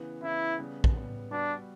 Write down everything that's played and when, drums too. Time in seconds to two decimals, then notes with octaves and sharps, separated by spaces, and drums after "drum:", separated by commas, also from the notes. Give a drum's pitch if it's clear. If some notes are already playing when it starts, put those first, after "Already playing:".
Already playing: C#3 E3 B3
0.22 C#3 E3 B3 E4
0.58 C#3 G3 B3
0.84 drum: kick
0.95 C#3 G3 B3
1.31 G3 B3 D4 F#4 B4